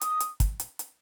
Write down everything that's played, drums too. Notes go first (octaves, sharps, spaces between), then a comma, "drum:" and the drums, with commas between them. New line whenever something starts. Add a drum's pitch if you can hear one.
D#6, drum: hi-hat
drum: hi-hat
drum: kick, hi-hat
drum: hi-hat
drum: hi-hat